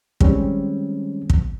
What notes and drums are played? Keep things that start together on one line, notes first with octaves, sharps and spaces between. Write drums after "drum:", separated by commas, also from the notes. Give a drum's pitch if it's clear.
D#3 G3 G#3 C4 C#4, drum: kick
drum: kick